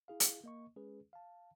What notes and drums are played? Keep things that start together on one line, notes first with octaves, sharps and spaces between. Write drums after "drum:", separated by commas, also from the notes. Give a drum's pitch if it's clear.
E4 G#4 F5
drum: hi-hat
A#3 D#5 C#6
G#3 C#4 G#4 B4
F5 A5